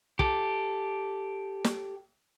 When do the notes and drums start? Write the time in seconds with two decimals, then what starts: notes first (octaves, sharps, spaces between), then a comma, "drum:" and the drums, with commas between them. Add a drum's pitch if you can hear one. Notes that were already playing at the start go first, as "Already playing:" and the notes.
0.19 G4 A4, drum: kick
1.64 drum: snare